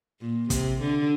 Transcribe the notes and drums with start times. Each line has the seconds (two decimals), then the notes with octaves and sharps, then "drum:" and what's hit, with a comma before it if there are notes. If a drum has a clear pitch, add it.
0.21 A#2
0.50 C3, drum: kick, hi-hat
0.81 D3